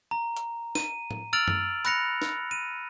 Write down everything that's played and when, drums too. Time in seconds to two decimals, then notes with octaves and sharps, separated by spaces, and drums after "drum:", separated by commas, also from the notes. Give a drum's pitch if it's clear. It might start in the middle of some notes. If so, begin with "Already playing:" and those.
0.11 A#5
0.37 drum: hi-hat
0.75 D#7, drum: snare
1.11 drum: tom A2
1.33 E6 F6 A6 D7 F7 F#7
1.48 drum: tom F#2
1.85 B5 F#6 A#6 C#7 F7, drum: hi-hat
2.22 drum: snare
2.51 D#7